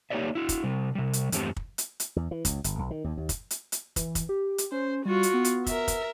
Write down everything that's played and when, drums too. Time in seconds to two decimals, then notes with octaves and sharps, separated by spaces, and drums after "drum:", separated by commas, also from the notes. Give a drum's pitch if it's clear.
0.10 A#3 D#4 G4 C#5 D5 E5
0.35 E4 F#4
0.49 drum: kick, hi-hat
0.64 C3 G3
0.95 C3 G3
1.13 drum: hi-hat
1.32 E2 G2 A3 C4 G4 A5, drum: hi-hat
1.57 drum: kick
1.78 drum: hi-hat
2.00 drum: hi-hat
2.16 E2
2.31 E3
2.45 C#2, drum: kick, hi-hat
2.64 G1, drum: hi-hat
2.79 B1
2.91 D#3
3.04 D#2
3.17 D#2
3.29 drum: kick, hi-hat
3.51 drum: hi-hat
3.72 drum: hi-hat
3.96 E3, drum: kick, hi-hat
4.15 drum: kick, hi-hat
4.29 G4
4.58 drum: hi-hat
4.72 C#4 C5
5.05 G3 F4 F#4
5.23 drum: hi-hat
5.34 B3
5.45 drum: hi-hat
5.67 A#4 E5, drum: kick, hi-hat
5.88 drum: kick, hi-hat